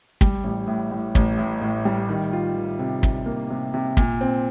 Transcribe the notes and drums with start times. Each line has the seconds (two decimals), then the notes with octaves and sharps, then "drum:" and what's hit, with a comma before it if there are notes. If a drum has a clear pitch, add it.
0.21 G3, drum: kick
0.44 A1
0.67 A2
0.91 A2
1.15 A1, drum: kick
1.38 A2
1.61 A2
1.85 G3
2.09 D#3
2.33 F4
2.56 D#3
2.79 C3
3.03 C3, drum: kick
3.26 A#3
3.50 C3
3.74 C3
3.97 A#2, drum: kick
4.21 C4